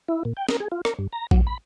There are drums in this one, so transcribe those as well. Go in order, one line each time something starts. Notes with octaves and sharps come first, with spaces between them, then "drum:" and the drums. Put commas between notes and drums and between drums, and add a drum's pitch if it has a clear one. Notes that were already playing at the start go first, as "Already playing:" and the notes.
E4
A#2
G5
A#4, drum: snare
G#4
F4
A#4, drum: rim click
G2
A#5
F#3, drum: kick
B5